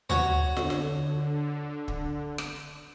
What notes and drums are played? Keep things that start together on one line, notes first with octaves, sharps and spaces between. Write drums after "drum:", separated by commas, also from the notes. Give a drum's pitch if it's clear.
F#4 C#5, drum: tom
D3, drum: snare
drum: snare
drum: kick
drum: rim click